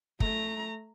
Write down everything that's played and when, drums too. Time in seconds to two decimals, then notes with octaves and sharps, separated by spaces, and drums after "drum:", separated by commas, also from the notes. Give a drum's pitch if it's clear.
0.20 A3 A#5, drum: kick